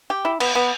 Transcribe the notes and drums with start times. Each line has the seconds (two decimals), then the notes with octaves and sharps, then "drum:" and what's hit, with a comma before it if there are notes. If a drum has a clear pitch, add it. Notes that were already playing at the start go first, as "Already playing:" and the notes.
0.10 G4
0.25 E4
0.40 B3, drum: cymbal
0.55 B3